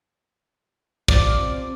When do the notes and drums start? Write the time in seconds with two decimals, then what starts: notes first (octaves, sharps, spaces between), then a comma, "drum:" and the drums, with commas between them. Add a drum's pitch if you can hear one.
1.08 C3 F3 D5, drum: kick